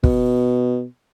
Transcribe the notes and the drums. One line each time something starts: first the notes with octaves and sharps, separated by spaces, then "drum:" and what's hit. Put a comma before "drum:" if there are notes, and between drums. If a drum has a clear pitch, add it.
B2, drum: kick